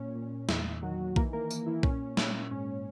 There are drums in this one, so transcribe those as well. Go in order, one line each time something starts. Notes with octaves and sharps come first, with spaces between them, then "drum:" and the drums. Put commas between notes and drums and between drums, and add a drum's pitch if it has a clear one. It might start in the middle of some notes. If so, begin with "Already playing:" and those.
Already playing: A#2 C#4
A#2
E2 E3 E4, drum: snare
D#3 F#3 F#4
E3 A#3 A#4, drum: kick B1
A#3 A#4
E3, drum: tambourine
E3 E4
A#2 C#4, drum: kick B1
A#2, drum: snare
G#2 C#4